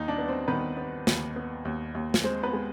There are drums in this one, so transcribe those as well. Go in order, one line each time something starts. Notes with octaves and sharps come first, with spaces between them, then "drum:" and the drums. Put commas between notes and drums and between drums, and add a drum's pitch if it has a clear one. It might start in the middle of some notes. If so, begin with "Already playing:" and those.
Already playing: D#2 D#4 D#5
D4 D5
B3
C4 C5
D#3 B3 B4
B3
D#2, drum: snare
B3
D#2
D#2
drum: snare
G#3 C4 C5
B3 B4
G#3